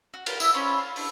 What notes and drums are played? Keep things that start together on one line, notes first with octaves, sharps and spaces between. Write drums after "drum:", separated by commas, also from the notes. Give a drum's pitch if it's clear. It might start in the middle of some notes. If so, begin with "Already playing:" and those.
F#4
F4 G4 A#4 B4, drum: cymbal
E4 G4 E5, drum: tambourine
C#4 F4 C5 B5
F5
D4 E4, drum: open hi-hat